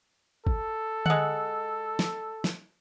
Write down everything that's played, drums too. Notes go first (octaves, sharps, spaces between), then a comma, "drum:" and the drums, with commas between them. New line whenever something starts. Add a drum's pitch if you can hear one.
A4, drum: kick
G#3 F#5, drum: tom D3
drum: snare
drum: snare